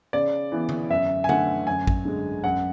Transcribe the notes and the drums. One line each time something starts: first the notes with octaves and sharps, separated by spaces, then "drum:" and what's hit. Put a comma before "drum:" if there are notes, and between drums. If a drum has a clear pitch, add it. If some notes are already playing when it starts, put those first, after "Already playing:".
C#3 D5
E3 B3
drum: tom D3
F#2 E5
G#5
D3 A3 F#5, drum: tom D3
F#2 G#5
drum: kick A1
D3 G#3
F#2 F#5